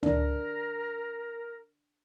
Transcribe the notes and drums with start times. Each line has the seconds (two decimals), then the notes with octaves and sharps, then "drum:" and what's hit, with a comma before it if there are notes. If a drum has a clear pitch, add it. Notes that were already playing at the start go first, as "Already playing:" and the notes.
0.03 D4 A#4, drum: tom C#2